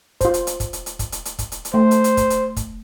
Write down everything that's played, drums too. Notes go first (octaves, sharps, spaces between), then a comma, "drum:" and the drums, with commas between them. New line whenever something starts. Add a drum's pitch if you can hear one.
F4 C5, drum: kick, hi-hat
drum: hi-hat
drum: hi-hat
drum: kick, hi-hat
drum: hi-hat
drum: hi-hat
drum: kick, hi-hat
drum: hi-hat
drum: hi-hat
drum: kick, hi-hat
drum: hi-hat
drum: hi-hat
A3 C5
drum: hi-hat
drum: hi-hat
drum: kick, hi-hat
drum: hi-hat
drum: kick, hi-hat